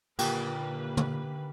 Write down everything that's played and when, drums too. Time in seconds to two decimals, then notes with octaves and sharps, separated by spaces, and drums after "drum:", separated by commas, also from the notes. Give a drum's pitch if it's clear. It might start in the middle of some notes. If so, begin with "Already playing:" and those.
0.19 A#2 D3 D#3 A#3 G4 B4, drum: cymbal
0.97 drum: tom